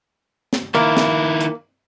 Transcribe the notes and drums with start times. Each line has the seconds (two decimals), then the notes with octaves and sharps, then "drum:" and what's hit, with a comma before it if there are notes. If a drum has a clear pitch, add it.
0.53 drum: snare
0.75 D#3 A#3 E4
0.97 drum: snare
1.41 drum: hi-hat